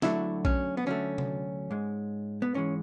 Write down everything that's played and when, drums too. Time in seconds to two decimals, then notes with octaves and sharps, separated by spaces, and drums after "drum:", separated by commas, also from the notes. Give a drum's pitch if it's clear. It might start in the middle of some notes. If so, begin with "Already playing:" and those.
0.02 D2 D3 F#3 A3 E4, drum: snare
0.45 C#4, drum: kick A#1
0.77 B3
0.86 D2 D3 F#3 A3 C#4
1.18 drum: tom
1.71 G#2 G#3
2.42 B3
2.54 G#2 E3 G#3 C#4